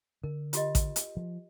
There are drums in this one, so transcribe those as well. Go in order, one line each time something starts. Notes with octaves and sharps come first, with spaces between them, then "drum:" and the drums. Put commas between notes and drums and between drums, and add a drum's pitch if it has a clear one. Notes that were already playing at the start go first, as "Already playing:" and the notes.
D3 A#4
F4 G4 D#5, drum: hi-hat
drum: kick A1, hi-hat
drum: hi-hat
F3